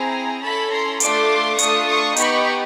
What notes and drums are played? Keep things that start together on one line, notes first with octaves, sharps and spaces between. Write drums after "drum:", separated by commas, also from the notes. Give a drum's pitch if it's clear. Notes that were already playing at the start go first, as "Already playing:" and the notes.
Already playing: C4 E4 G#4 G#5 A#5
C#4 E4 A4 A5 B5
A#5 C6
A3 D4 F4 A4 C6 D6, drum: hi-hat
A3 D4 F4 C#6 D#6, drum: hi-hat
C#6 D#6
B3 D#4 G4 B5 C#6, drum: hi-hat